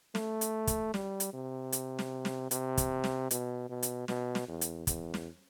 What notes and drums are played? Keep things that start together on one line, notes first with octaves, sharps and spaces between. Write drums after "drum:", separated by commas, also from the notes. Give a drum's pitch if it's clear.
A3, drum: snare
drum: hi-hat
drum: kick, hi-hat
G3, drum: snare
drum: hi-hat
C3
drum: hi-hat
drum: snare
drum: snare
C3, drum: hi-hat
drum: kick, hi-hat
drum: snare
B2, drum: hi-hat
B2
drum: hi-hat
B2, drum: snare
drum: snare
E2
drum: hi-hat
E2, drum: kick, hi-hat
drum: snare